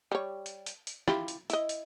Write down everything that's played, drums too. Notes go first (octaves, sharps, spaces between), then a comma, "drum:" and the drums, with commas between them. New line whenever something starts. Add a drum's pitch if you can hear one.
G3 C#5
drum: hi-hat
drum: hi-hat
drum: hi-hat
E4 F4 G4, drum: rim click
drum: hi-hat
E4 D#5, drum: hi-hat
drum: hi-hat